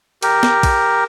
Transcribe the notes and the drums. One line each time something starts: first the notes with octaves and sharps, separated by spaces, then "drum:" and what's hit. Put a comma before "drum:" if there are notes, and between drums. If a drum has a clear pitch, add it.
G4 A#4, drum: cymbal
drum: snare
drum: kick, cymbal